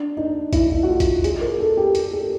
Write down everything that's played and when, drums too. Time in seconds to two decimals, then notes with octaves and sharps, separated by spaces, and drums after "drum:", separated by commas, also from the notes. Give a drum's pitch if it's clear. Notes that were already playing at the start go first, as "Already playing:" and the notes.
Already playing: D4
0.17 D#4
0.53 E4, drum: kick A#1, hi-hat
0.71 E4
0.83 F#4
0.88 F4
1.00 drum: kick A#1, hi-hat
1.24 G#4, drum: hi-hat
1.41 A#4
1.60 A4
1.77 G4
1.95 G4, drum: hi-hat
2.13 G#4